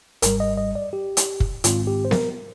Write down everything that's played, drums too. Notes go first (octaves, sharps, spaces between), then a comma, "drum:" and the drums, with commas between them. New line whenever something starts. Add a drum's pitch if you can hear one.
G#1 G#2 G3 A#4, drum: hi-hat
D#5
D#5
D5
G4
drum: hi-hat
drum: kick
G#2 D#3 G#3 C4 F4, drum: hi-hat
G4
C5
A#4, drum: snare B3